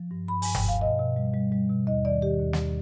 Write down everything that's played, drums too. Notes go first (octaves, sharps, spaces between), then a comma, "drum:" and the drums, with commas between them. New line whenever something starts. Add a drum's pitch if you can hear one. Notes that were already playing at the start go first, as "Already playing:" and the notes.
Already playing: F3
G2
G2 B5
G2 G#5, drum: open hi-hat
G5, drum: tom F#1
G2 F5
B2 D#5
B2
G3
G3
G3
B2
D#2 D#5
D#3 D5
D#3 G4
D#2
drum: snare